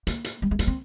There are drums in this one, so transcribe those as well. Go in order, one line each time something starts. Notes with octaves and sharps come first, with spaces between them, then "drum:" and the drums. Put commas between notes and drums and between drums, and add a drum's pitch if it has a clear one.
A#3, drum: hi-hat
drum: hi-hat
G3
G#3
A#3, drum: hi-hat
C4